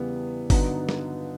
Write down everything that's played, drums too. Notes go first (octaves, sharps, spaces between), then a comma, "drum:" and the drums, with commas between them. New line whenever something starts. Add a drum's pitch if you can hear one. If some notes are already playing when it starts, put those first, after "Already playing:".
Already playing: E2 C#3 E3 G3 B3
G2 D3 F#3 B3 D#4, drum: kick G1, open hi-hat
drum: snare